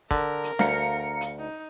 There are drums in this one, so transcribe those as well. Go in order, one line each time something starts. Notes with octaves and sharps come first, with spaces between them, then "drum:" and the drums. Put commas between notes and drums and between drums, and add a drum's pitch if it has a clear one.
D3 A#4, drum: kick
drum: hi-hat
D2 F5 A#5 C#7, drum: snare
drum: hi-hat
D#4